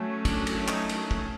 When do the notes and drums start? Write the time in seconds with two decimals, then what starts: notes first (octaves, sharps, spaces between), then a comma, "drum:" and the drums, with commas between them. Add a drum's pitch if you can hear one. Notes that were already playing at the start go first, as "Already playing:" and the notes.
Already playing: F#3 A3 C#4
0.25 D4, drum: kick, cymbal
0.47 drum: cymbal
0.68 D#4, drum: clap
0.89 drum: cymbal
1.11 drum: kick